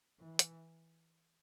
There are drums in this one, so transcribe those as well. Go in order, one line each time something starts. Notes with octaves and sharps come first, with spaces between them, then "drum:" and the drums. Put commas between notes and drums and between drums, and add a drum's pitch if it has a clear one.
E3
drum: hi-hat